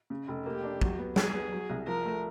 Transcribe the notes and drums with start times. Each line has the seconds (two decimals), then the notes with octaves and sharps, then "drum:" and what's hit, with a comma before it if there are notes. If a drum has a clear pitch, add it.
0.10 C#3
0.28 F1
0.46 A#3 G4
0.63 D4
0.81 F#3, drum: kick
0.99 B3
1.16 F#3 G#4, drum: snare
1.34 B3
1.52 F#3
1.70 C2
1.87 F3 A#4
2.05 A3